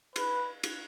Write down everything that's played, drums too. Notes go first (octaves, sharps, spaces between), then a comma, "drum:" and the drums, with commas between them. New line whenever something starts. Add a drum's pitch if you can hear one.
B4, drum: cymbal
drum: cymbal